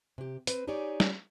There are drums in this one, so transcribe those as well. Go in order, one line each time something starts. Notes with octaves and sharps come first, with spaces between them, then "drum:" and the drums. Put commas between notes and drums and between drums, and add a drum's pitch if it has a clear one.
C3 G4
C4 B4, drum: hi-hat
D#4 G4 G#4 C#5 D5
drum: snare